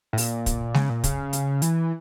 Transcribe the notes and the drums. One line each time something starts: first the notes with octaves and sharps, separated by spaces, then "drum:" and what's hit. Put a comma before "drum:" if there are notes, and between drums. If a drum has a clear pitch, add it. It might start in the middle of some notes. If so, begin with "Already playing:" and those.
A2
A#2, drum: open hi-hat
drum: kick, hi-hat
C#3, drum: snare
A#2
C#3, drum: kick, hi-hat
drum: hi-hat
E3, drum: hi-hat